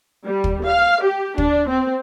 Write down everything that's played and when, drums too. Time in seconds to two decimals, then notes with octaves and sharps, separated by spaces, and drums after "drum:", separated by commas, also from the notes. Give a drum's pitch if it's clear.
0.24 G3
0.44 drum: kick
0.65 F5
1.02 G4
1.38 D4, drum: kick
1.68 C4